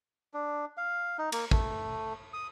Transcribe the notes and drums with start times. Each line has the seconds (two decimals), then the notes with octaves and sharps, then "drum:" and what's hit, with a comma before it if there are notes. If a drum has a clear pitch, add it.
0.34 D4
0.77 F5
1.18 D#4
1.32 A#3, drum: cymbal
1.51 A3, drum: kick
2.33 D#6